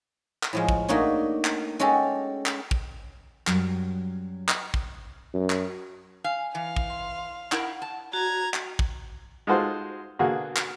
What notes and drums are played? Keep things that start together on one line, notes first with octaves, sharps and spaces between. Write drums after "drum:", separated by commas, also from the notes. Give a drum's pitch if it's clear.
drum: clap
A2 F3 G#3
drum: kick
A3 A#3 D4 D#4 F#4 C#5
drum: clap
G#3 C#4 F#4 G4 A4
drum: clap
drum: kick
F#2 F#3 G3, drum: clap
drum: clap
drum: kick
F#2
drum: clap
F5 G#5
E3 F5
drum: kick
C6
E4 A#4 F#5, drum: clap
A5
F#4 A#5 G#6
drum: clap
drum: kick
G#3 D#4 F4 F#4 A4 C5
B2 D3 A#3 F#4 G#4
drum: clap